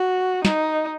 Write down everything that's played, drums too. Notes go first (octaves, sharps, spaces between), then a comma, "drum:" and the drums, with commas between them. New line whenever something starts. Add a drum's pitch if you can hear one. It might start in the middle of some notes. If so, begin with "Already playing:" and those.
Already playing: F#4
D#4, drum: snare